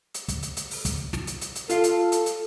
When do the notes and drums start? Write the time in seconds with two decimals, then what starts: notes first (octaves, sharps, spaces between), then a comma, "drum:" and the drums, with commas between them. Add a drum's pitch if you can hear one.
0.14 drum: hi-hat
0.28 drum: kick, hi-hat
0.43 drum: hi-hat
0.57 drum: hi-hat
0.71 drum: open hi-hat
0.85 drum: kick, hi-hat
1.13 drum: snare
1.27 drum: hi-hat
1.41 drum: hi-hat
1.55 drum: hi-hat
1.70 F4 A4 F5, drum: hi-hat
1.84 drum: hi-hat
2.12 drum: hi-hat
2.26 drum: hi-hat